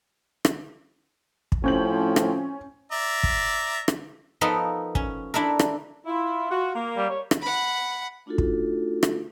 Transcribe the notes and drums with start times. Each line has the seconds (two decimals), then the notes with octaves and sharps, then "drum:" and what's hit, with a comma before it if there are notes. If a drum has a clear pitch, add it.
0.45 drum: rim click
1.52 drum: kick
1.64 A2 F3 C4 C#4 G6 F#7
2.16 drum: rim click
2.92 D5 E5 A#5
3.23 drum: kick
3.88 drum: rim click
4.41 F3 B3 D#4 A4 A#4
4.95 C#4, drum: kick
5.34 D4 E4 A4 A#4
5.59 drum: rim click
6.06 E4 F4
6.51 F#4
6.75 A#3
6.97 G3
7.10 C#5
7.31 drum: rim click
7.42 F#5 B5
8.26 A3 D4 D#4 F4 F#4 A4
8.38 drum: kick
9.03 drum: rim click